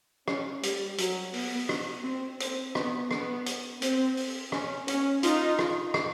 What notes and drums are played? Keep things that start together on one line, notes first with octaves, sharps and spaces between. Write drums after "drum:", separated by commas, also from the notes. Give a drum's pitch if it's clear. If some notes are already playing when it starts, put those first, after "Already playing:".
C#4, drum: rim click
G3, drum: hi-hat
F#3, drum: hi-hat
B3, drum: open hi-hat
drum: rim click
C4
C4, drum: hi-hat
B3, drum: rim click
B3, drum: rim click
drum: hi-hat
C4, drum: hi-hat
drum: open hi-hat
C#4, drum: rim click
C#4, drum: hi-hat
D#4 F4, drum: hi-hat
drum: rim click
drum: rim click